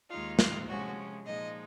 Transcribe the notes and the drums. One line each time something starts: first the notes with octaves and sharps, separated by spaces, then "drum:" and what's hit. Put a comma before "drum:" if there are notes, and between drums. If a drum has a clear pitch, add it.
D#2 D#3 G#3 D#4 F4
F4, drum: snare
C3 F3 G#3 C#4 F#4
A#2 F3 G#3 D#4 D#5